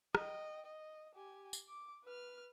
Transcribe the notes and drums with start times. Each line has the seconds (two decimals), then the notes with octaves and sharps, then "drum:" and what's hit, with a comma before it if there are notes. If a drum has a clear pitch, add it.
0.15 D#5 G5, drum: rim click
0.66 D#5
1.15 G4 G#5
1.53 drum: tambourine
1.69 D6
2.04 B4 F6